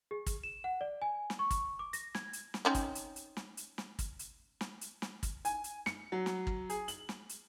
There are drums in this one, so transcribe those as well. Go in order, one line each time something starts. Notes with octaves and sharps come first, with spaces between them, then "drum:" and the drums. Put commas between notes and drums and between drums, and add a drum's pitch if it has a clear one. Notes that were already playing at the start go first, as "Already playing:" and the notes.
G#4
drum: kick, hi-hat
E7
F#5
D5
G#5
drum: snare
C#6
drum: kick, hi-hat
D6
A#6, drum: hi-hat
G#6, drum: snare
drum: hi-hat
drum: snare
C4 C#4 D#4
drum: kick, hi-hat
drum: hi-hat
drum: hi-hat
drum: snare
drum: hi-hat
drum: snare
drum: kick, hi-hat
drum: hi-hat
drum: snare
drum: hi-hat
drum: snare
drum: kick, hi-hat
G#5, drum: hi-hat
drum: hi-hat
C#7, drum: snare
F#3
drum: snare
drum: kick
G#4, drum: hi-hat
F#7, drum: hi-hat
drum: snare
drum: hi-hat